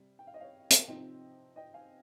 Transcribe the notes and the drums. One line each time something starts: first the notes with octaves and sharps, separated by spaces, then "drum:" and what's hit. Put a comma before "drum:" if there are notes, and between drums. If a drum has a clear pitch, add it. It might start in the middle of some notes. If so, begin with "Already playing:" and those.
Already playing: C3 G3
G5
F5
D#5
C#5 F5
drum: hi-hat
C3 F3 C4 D#4 D#5 G5
D#5 G5
F5 G#5